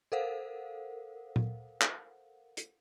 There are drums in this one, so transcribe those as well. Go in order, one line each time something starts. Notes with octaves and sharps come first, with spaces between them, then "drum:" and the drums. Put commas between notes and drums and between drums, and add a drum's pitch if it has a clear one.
A4 A#4 C5 F5 F#5
drum: tom A#2
drum: clap
drum: hi-hat